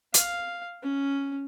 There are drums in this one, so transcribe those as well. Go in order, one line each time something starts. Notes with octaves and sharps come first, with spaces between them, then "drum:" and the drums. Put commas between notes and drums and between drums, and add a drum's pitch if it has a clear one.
F5, drum: hi-hat
C#4